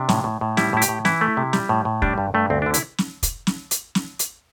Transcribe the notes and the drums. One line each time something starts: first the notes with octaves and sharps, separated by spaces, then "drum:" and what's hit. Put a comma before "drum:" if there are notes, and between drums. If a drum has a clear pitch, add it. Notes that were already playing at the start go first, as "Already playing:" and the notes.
Already playing: C3 D4
A2, drum: snare
A2
A2
G3 E4, drum: snare
A2 E4
G4, drum: hi-hat
A2
E3 E4, drum: snare
A3
C3
G3, drum: snare
A2
A2
G3 D4, drum: kick
G2
G2 A3
D2 C4
D4
D3
E4, drum: hi-hat
drum: snare
drum: kick, hi-hat
drum: snare
drum: hi-hat
drum: snare
drum: hi-hat